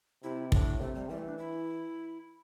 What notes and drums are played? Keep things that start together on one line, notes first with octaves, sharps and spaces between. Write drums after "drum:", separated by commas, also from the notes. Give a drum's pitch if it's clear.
C3 E4
A2 D4, drum: kick
C3 A3
G3
E3 G3
A3
D4
E4